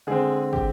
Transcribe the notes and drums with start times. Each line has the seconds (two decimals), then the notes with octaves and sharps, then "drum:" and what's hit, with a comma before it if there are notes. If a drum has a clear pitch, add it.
0.07 D3 G#3 C4 G#4
0.53 G4, drum: kick